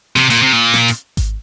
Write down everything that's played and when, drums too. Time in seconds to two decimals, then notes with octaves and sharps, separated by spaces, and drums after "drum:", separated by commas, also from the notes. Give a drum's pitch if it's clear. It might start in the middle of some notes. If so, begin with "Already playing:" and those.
0.16 C3, drum: snare
0.30 A#2, drum: hi-hat
0.42 C3
0.53 A#2
0.74 drum: snare
0.88 drum: hi-hat
1.17 drum: kick G#1, hi-hat